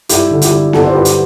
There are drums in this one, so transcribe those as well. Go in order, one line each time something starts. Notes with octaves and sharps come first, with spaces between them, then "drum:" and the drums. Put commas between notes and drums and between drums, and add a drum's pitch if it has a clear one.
G2 E4 G4, drum: hi-hat
D3
E4 G4, drum: hi-hat
G3
G2 F#4 A4, drum: snare B3
C5
G2 G4 B4
drum: hi-hat